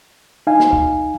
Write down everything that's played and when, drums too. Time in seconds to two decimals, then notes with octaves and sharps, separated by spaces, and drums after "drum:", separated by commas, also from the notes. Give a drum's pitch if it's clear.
0.47 D#4 F5 G#5
0.60 drum: snare
0.73 drum: kick